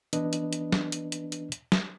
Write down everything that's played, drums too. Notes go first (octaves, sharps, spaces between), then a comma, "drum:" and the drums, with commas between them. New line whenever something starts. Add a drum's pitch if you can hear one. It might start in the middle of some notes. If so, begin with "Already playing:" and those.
E3 B3 D4 B4 D#5, drum: hi-hat
drum: hi-hat
drum: hi-hat
drum: snare
drum: hi-hat
drum: hi-hat
drum: hi-hat
drum: hi-hat
drum: snare